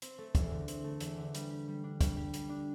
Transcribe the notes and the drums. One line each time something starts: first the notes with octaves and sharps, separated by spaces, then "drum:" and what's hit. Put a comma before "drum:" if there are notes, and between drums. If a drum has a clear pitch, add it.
C4, drum: hi-hat
A3
E2, drum: kick, hi-hat
D3
C4, drum: hi-hat
A3
E2, drum: hi-hat
D3
G3, drum: hi-hat
G4
G3
D4
G3, drum: kick, hi-hat
G4
G3, drum: hi-hat
D4